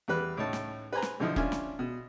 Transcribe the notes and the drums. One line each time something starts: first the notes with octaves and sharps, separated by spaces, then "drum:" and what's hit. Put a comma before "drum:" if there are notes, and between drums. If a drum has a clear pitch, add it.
E2 G3 B4 F#6
C#2 A2 D#4 C#5 A5
drum: snare
B4 C5 G#5 A#5
drum: snare
B1 D3 F3 D#4 E4
C#4 D4 F4 E5 G#5, drum: kick E1
drum: snare
B2